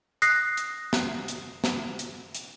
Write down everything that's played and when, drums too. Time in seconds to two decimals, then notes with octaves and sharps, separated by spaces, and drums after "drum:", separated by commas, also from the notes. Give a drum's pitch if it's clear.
0.22 D#6 F#6 A#6 C7, drum: hi-hat
0.57 drum: hi-hat
0.93 drum: snare
1.28 drum: hi-hat
1.64 drum: snare
1.99 drum: hi-hat
2.35 drum: hi-hat